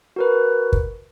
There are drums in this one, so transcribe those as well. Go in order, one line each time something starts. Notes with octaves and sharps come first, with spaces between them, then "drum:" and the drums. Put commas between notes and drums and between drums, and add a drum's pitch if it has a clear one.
F#4 A#4 B4
drum: kick